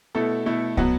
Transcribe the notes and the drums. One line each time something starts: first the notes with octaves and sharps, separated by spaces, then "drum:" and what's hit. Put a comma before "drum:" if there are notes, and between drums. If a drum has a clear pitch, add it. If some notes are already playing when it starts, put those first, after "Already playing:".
B2 A3 E4 A4
B2 A3 E4
B2 F#3 B3 F#4, drum: kick